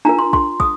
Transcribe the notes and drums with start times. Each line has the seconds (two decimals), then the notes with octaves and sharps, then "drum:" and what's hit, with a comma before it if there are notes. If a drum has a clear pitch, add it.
0.05 D4 F4 A#4 A#5
0.19 C6
0.33 C6, drum: kick
0.60 D#6, drum: kick